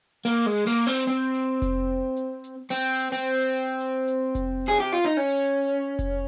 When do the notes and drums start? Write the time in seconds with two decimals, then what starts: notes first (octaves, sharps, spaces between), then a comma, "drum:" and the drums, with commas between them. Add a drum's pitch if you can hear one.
0.25 A#3, drum: hi-hat
0.46 G#3
0.67 A#3
0.87 C4
1.07 C4, drum: hi-hat
1.35 drum: hi-hat
1.62 drum: kick F1, hi-hat
2.16 drum: hi-hat
2.44 drum: hi-hat
2.71 C4, drum: hi-hat
2.98 drum: hi-hat
3.12 C4
3.53 drum: hi-hat
3.80 drum: hi-hat
4.08 drum: hi-hat
4.35 drum: kick F1, hi-hat
4.68 G#4
4.80 G4
4.93 F4
5.05 D#4
5.17 C#4
5.44 drum: hi-hat
5.99 drum: kick F1, hi-hat